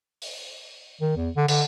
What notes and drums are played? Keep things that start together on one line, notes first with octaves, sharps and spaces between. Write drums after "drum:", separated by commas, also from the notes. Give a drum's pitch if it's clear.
drum: open hi-hat
D#3
E2
D3
D3, drum: cymbal